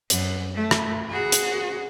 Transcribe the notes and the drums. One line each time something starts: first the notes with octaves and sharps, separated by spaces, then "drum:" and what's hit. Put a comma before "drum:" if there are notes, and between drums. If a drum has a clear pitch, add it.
F#2, drum: hi-hat
A3
drum: rim click
F#4 G#4
drum: hi-hat